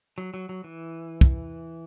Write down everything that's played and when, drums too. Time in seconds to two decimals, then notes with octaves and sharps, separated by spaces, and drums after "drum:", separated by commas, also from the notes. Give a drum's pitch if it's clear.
0.18 F#3
0.34 F#3
0.49 F#3
0.64 E3
1.21 drum: kick